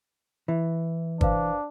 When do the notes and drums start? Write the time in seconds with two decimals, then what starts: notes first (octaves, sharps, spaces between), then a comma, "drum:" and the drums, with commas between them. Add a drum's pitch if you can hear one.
0.48 E3 E5
1.21 D4 B4 C5 F5, drum: kick